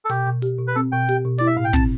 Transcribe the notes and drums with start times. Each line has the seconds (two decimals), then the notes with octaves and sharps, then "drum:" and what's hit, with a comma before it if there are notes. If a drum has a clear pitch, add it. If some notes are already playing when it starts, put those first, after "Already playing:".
0.05 A4
0.10 B2 G4, drum: hi-hat
0.27 B2
0.42 G4, drum: hi-hat
0.59 B2
0.67 B4
0.75 C4 A4
0.92 B2 G5
1.09 G4, drum: hi-hat
1.25 B2
1.38 E4 D5, drum: hi-hat
1.47 E5
1.56 A2 F5
1.64 G5
1.73 C4 A5, drum: kick, hi-hat